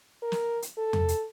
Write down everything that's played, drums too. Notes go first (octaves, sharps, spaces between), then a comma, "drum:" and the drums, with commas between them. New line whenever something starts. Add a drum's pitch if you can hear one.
A#4
drum: snare
drum: hi-hat
A4
drum: tom E2
drum: hi-hat